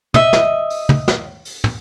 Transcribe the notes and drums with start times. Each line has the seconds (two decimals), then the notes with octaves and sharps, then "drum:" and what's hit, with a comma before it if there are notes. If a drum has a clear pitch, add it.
0.14 D#5 E5, drum: tom
0.33 drum: snare
0.70 drum: open hi-hat
0.89 drum: tom
1.08 drum: snare
1.45 drum: open hi-hat
1.64 drum: tom